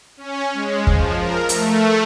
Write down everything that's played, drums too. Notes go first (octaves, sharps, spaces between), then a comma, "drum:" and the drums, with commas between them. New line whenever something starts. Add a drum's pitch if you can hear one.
C#4
G#3
F3, drum: kick
A#4
A3, drum: hi-hat